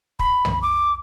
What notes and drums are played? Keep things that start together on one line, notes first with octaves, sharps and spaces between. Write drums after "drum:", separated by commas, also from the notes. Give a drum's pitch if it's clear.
B5, drum: kick
drum: tom
D6